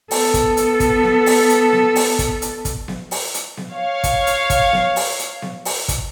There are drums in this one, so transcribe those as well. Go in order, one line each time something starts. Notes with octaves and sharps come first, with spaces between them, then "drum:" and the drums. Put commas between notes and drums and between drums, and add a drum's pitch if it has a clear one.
B3 A4, drum: open hi-hat
drum: kick, hi-hat
drum: hi-hat
drum: kick, hi-hat
drum: snare B3
drum: open hi-hat
drum: hi-hat
drum: snare B3
drum: open hi-hat
drum: kick, hi-hat
drum: hi-hat
drum: kick, hi-hat
drum: snare B3
drum: open hi-hat
drum: hi-hat
drum: snare B3
C#5 F5
drum: kick, hi-hat
drum: hi-hat
drum: kick, hi-hat
drum: snare B3
drum: open hi-hat
drum: hi-hat
drum: snare B3
drum: open hi-hat
drum: kick, hi-hat